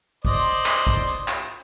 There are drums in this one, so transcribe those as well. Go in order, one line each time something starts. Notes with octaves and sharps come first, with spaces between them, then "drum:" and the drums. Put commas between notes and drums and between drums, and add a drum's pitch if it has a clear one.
C5 D5 D#5, drum: kick, hi-hat
drum: clap
drum: kick
drum: hi-hat
drum: clap